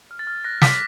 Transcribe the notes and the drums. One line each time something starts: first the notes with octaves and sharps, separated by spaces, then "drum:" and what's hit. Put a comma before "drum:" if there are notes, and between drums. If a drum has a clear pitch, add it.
F6
A6
F6
F#6 A#6
D6 B6, drum: snare